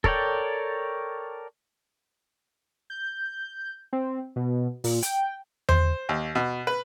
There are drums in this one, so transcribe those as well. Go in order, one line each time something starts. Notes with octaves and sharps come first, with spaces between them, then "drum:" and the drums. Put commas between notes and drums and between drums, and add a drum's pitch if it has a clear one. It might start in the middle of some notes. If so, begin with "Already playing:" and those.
A4 A#4 C#5 D5 G5, drum: kick
G6
C4
B2
A#2, drum: open hi-hat
G5, drum: hi-hat
C5, drum: tom E2
D#2
B2
B4